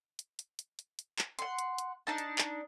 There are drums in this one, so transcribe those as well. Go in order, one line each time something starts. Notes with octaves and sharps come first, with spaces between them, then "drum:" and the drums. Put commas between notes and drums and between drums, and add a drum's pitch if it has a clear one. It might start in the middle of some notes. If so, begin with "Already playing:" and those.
drum: hi-hat
drum: hi-hat
drum: hi-hat
drum: hi-hat
drum: hi-hat
drum: clap
F#5 C6, drum: hi-hat
drum: hi-hat
drum: hi-hat
D4 D#4 A5
drum: hi-hat
drum: clap